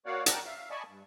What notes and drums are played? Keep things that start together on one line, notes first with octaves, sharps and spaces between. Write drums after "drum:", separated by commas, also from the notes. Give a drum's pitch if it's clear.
A#3 F#4 C#5 D5 F5 F#5
A#4 D5 F#5 G5 A5 A#5, drum: hi-hat
E5 F5
D5 D#5 G#5 A5 B5 C#6
G2